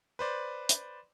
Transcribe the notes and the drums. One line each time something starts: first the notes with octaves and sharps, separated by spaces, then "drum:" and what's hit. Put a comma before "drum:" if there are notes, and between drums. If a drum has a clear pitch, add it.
B4 C5 D5
drum: hi-hat